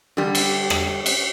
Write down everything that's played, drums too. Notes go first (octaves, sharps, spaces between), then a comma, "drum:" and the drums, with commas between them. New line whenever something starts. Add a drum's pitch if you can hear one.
D3 G3
drum: cymbal
drum: rim click
drum: cymbal